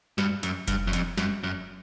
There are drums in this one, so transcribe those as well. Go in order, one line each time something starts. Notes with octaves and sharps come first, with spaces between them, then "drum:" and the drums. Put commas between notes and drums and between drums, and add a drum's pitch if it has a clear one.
G2, drum: snare
F#2, drum: hi-hat
G2, drum: kick F1, hi-hat
F#2
F2, drum: hi-hat
F#2, drum: snare
F#2